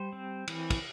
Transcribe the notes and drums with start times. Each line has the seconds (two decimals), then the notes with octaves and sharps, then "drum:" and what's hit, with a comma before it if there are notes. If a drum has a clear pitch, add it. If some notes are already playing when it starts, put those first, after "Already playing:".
Already playing: G3 C5
0.13 C4
0.48 E3, drum: cymbal
0.70 drum: kick, cymbal